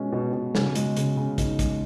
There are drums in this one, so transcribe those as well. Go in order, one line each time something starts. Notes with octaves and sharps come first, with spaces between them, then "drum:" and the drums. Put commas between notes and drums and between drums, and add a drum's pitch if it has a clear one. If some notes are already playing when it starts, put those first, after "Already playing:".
Already playing: B2 G#3 C#4
B2
B2
C#3, drum: snare
G#3, drum: hi-hat
C#3, drum: hi-hat
C#3
D#4, drum: kick, hi-hat
G#3, drum: kick, hi-hat